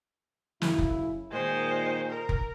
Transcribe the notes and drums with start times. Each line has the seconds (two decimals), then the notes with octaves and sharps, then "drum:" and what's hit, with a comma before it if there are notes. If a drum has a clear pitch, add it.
0.62 F#2 C#3 E4, drum: snare
0.79 drum: kick F1
1.32 A#2 D#3 G#3 C5
2.09 A#4
2.29 drum: kick F1